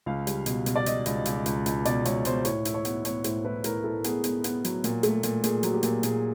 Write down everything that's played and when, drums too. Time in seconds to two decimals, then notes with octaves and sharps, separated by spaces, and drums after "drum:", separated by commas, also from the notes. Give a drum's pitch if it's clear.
0.06 C#2 F5
0.27 G3, drum: hi-hat
0.46 B2, drum: hi-hat
0.66 B2, drum: hi-hat
0.76 D5
0.86 B2 D#5, drum: hi-hat
1.06 C#2 D#5, drum: hi-hat
1.25 C#2, drum: hi-hat
1.46 C#2, drum: hi-hat
1.66 C#2, drum: hi-hat
1.85 B2 D5, drum: hi-hat
2.05 C#2 C#5, drum: hi-hat
2.25 B2 C5, drum: hi-hat
2.45 A2 C#5, drum: hi-hat
2.65 E4, drum: hi-hat
2.74 C#5
2.85 B3, drum: hi-hat
3.05 B3 C#5, drum: hi-hat
3.24 A2 C5, drum: hi-hat
3.45 E4 B4
3.64 A2 A#4, drum: hi-hat
3.84 A2 A4
4.04 B3 G#4, drum: hi-hat
4.24 B3, drum: hi-hat
4.44 B3, drum: hi-hat
4.65 F#3, drum: hi-hat
4.84 A#2, drum: hi-hat
5.03 A3, drum: hi-hat
5.23 A#2, drum: hi-hat
5.44 A#2 G#4, drum: hi-hat
5.63 F#3, drum: hi-hat
5.73 G4
5.83 A#2, drum: hi-hat
6.03 A#2 G#4, drum: hi-hat